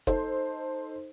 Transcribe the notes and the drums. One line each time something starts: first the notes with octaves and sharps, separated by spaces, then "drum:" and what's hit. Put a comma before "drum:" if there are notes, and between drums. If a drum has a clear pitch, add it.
D#4 A4 C5, drum: kick F#1